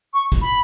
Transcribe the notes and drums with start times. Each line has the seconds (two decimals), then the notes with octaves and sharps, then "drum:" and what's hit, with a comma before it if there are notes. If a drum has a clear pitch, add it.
0.14 C#6
0.32 drum: kick, hi-hat
0.41 B5